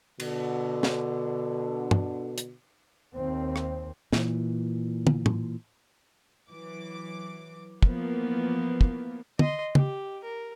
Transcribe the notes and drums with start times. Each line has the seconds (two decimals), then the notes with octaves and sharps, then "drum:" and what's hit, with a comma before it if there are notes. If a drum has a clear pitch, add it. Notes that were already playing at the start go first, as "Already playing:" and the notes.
0.20 B2 D3, drum: cymbal
0.83 drum: snare
1.91 drum: tom
2.38 drum: hi-hat
3.15 D#2 C4
3.56 drum: rim click
4.13 A#2 E3, drum: snare
5.07 drum: tom
5.26 drum: tom
6.50 E3 F#3 D6
7.83 E3 F3 A#3 B3, drum: kick
8.81 drum: kick
9.39 D#5 C6, drum: tom
9.75 G4, drum: tom
10.23 A#4